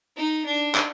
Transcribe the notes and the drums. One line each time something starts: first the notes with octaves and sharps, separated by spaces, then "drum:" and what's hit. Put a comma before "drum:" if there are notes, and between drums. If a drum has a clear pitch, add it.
D#4
D4
drum: clap